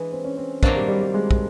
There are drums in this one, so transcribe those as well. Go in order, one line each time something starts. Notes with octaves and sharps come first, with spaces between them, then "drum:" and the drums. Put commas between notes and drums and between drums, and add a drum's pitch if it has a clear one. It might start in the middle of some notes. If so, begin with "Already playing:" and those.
Already playing: E3 G#3 D4
C4
C#4
C4
D#3 F#3 A#3 C4 D4, drum: kick
G3
G3
G3
G#3
drum: kick